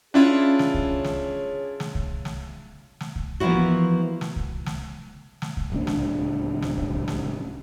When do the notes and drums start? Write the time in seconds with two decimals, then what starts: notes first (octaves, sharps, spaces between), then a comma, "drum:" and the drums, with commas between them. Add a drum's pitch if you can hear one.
0.14 C#4 D4 E4 F4 G#4 C#5
0.59 drum: snare
0.74 drum: kick C2
1.04 drum: snare
1.80 drum: snare
1.95 drum: kick C2
2.25 drum: snare
3.00 drum: snare
3.16 drum: kick C2
3.40 E3 F3 A#3 B3 E4 F#4
4.21 drum: snare
4.36 drum: kick C2
4.66 drum: snare
5.42 drum: snare
5.57 drum: kick C2
5.72 D1 C#2 A#3 D4
5.87 drum: snare
6.62 drum: snare
6.77 drum: kick C2
7.08 drum: snare